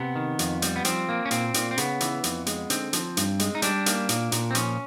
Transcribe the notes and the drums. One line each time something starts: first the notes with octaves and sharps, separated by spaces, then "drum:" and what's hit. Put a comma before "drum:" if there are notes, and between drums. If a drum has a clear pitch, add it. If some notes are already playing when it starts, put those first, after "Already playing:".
Already playing: C3 B3
D#3
F2, drum: hi-hat
G3, drum: hi-hat
B3
F3 C4, drum: hi-hat
A#3
C#4
A#2 C4, drum: hi-hat
A#2, drum: hi-hat
C4
C#3 B3, drum: hi-hat
E3, drum: hi-hat
F2, drum: hi-hat
G#3, drum: hi-hat
D3 C4, drum: hi-hat
F3, drum: hi-hat
G2, drum: hi-hat
G#3, drum: hi-hat
D#4
G3 D4, drum: hi-hat
A#3, drum: hi-hat
A#2, drum: hi-hat
A#2, drum: hi-hat
C4
F3 C#4, drum: hi-hat